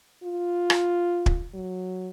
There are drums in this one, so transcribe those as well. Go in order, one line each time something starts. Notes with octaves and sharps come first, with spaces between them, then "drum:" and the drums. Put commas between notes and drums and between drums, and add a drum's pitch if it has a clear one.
F4
drum: rim click
drum: kick
F#3